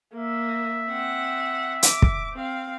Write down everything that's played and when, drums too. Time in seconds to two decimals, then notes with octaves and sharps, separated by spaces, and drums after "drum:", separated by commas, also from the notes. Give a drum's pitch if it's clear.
0.13 A#3 E5
0.88 C4 F#5
1.83 D6, drum: hi-hat
2.02 drum: kick
2.34 C4 F5